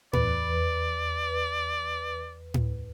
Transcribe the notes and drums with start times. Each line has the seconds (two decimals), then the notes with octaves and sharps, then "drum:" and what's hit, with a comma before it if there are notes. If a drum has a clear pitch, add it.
0.13 E2 B4 D5, drum: tom A2
2.54 drum: tom A2